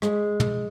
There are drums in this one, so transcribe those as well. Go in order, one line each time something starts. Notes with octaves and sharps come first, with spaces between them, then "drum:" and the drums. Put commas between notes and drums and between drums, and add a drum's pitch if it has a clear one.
G#3, drum: rim click
drum: tom